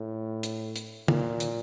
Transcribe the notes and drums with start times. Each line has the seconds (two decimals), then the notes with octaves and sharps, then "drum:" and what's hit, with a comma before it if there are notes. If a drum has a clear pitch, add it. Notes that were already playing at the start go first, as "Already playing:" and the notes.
Already playing: A2
0.43 drum: hi-hat
0.76 drum: hi-hat
1.08 A#2, drum: tom
1.40 drum: hi-hat